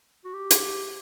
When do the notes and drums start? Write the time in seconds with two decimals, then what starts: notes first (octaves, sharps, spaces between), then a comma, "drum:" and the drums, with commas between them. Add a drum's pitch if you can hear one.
0.24 F#4
0.33 G4
0.51 drum: hi-hat